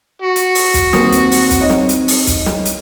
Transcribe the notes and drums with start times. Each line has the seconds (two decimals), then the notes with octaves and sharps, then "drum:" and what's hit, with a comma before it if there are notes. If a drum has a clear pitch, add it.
0.22 F#4
0.36 drum: hi-hat
0.55 drum: open hi-hat
0.74 drum: kick, hi-hat
0.93 D#2 C4 B4 D#6, drum: snare
1.12 drum: hi-hat
1.31 drum: open hi-hat
1.51 drum: kick, hi-hat
1.60 D#4 C#5 D#5
1.70 drum: snare
1.89 drum: hi-hat
2.08 drum: open hi-hat
2.27 drum: kick, hi-hat
2.46 drum: snare
2.65 drum: hi-hat